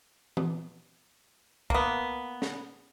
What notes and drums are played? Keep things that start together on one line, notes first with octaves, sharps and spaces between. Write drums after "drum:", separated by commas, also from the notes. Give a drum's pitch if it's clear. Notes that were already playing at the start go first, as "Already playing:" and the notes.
drum: tom E3
A#3 B3, drum: kick C2
drum: snare